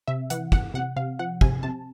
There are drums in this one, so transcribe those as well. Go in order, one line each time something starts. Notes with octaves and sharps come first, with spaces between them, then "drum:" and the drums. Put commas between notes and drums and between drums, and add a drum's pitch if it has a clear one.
C3 E5
E3 F#5, drum: hi-hat
E3 F#5, drum: kick
C3 F#5
C3 F5
F3 F#5
C3 G#5, drum: kick
C3 A5